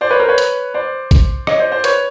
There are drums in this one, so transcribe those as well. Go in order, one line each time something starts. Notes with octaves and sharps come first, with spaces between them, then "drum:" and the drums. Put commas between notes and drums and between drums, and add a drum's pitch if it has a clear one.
C5 D5
B4 C#5
A#4 C5
B4 C#5
drum: hi-hat
C5 D5
drum: kick, hi-hat
C#5 D#5, drum: rim click
C5 D5
C5 D5
B4 C#5, drum: hi-hat